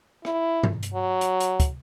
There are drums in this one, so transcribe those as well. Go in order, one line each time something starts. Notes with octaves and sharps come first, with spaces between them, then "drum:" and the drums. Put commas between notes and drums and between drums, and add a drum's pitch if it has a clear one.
E4, drum: rim click
drum: tom G2
drum: hi-hat
F#3
drum: hi-hat
drum: hi-hat
drum: kick, hi-hat